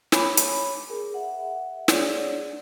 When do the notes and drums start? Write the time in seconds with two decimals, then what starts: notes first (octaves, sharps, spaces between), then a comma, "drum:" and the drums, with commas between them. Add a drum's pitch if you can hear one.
0.12 C#5 G#5 B5 D6, drum: snare
0.37 drum: hi-hat
0.89 G#4 A#4
1.14 E5 F#5
1.88 D4 G#4 C#5 D5, drum: snare